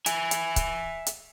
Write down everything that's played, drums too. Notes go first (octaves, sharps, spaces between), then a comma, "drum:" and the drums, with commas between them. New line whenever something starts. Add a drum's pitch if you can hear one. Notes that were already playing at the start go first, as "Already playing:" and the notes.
E5 G#5, drum: hi-hat
drum: hi-hat
drum: kick C#1, hi-hat
drum: hi-hat